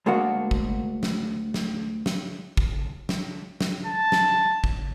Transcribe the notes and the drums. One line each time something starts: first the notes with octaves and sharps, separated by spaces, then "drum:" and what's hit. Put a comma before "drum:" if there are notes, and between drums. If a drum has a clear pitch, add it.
D2 G#3 A#3 D4 F#4
drum: kick
drum: snare
drum: snare
drum: snare
drum: kick
drum: snare
drum: snare
A5
drum: snare
drum: kick